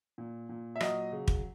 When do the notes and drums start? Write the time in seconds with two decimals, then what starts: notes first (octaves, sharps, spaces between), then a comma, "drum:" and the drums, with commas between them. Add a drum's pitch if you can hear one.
0.18 A#2
0.49 A#2
0.76 E5
0.81 F#3 D#5, drum: rim click
1.12 C#3
1.28 drum: kick